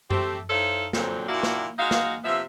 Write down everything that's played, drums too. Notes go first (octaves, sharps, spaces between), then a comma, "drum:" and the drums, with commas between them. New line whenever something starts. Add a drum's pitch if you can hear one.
A3 C4 G4, drum: tom F#2
D#4 E4 A4 C5 C#5 F5
F2 A#2 D3 F#3 C4, drum: snare
A#2 A#3 D4 E4 F#4
drum: snare
G#3 D#4 F#4 F5
drum: snare
C3 F3 B3 E5